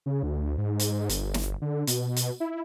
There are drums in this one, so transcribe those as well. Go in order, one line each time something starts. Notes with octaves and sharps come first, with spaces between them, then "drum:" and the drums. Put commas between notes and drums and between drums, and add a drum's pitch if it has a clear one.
C#3
D2
G#2
drum: hi-hat
G1, drum: hi-hat
drum: snare
D3
B2, drum: hi-hat
drum: hi-hat
E4